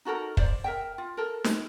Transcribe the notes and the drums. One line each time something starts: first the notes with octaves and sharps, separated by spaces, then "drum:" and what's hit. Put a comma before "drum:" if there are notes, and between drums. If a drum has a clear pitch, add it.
D#4 F#4 A4 A#4
C5 D5, drum: kick
A#4 E5 G5
F4
A4 A#4
drum: snare